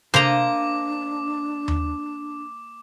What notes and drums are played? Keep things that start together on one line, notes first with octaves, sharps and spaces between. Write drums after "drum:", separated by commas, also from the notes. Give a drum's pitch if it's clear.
A#3 D4 C5 D#5 A#5 D6, drum: tom C3
drum: tom D#2